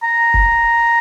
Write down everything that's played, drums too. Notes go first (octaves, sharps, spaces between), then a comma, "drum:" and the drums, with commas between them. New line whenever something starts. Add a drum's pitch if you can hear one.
A#5
drum: kick